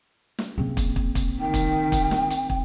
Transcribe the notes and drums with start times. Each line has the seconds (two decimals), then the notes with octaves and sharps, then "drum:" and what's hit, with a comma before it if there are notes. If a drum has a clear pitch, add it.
0.39 drum: snare
0.58 C#3 A#3 C4
0.77 drum: kick, hi-hat
0.96 drum: kick
1.15 drum: kick, hi-hat
1.40 D#3 G5
1.54 drum: kick, hi-hat
1.92 drum: kick, hi-hat
2.11 drum: snare
2.30 drum: hi-hat
2.50 drum: kick